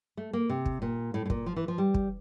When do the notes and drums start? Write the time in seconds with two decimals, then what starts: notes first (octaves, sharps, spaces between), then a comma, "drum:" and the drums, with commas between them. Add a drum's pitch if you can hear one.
0.17 A3
0.33 A#3
0.49 C3
0.66 drum: kick
0.82 A#2
1.14 A2
1.26 A2
1.30 A#2, drum: kick
1.46 F3
1.56 E3
1.68 F3
1.78 G3
1.94 drum: kick